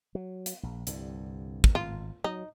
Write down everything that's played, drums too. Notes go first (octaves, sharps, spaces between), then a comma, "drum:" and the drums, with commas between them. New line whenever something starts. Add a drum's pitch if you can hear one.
F#3
drum: hi-hat
A#1
C2 G2 D3, drum: hi-hat
drum: kick
G#1 F4
F#3 D#4